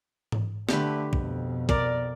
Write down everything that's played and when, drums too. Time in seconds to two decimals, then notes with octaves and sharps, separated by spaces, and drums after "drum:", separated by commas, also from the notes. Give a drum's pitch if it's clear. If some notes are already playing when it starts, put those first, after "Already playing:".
0.32 drum: tom G#2
0.69 D3 A3 G4 B4, drum: snare
1.13 F2 B2, drum: kick
1.69 A#4 D5, drum: kick